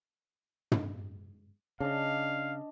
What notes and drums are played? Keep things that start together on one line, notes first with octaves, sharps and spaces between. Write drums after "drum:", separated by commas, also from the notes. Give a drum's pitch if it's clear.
drum: tom
C#3 D4 D5 D#5 F5